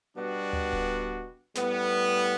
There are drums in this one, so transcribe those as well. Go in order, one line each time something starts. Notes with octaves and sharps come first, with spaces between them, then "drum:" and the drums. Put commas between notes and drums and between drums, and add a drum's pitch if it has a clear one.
B2 G3 B3 D4 F#4
drum: tom D2
drum: kick D1
A2 G3 B3, drum: snare